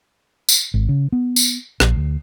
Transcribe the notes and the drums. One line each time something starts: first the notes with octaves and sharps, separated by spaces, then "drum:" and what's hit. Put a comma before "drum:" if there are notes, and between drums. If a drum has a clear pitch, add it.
drum: tambourine
G#1
C#3
B3
drum: tambourine
A#1, drum: rim click
D2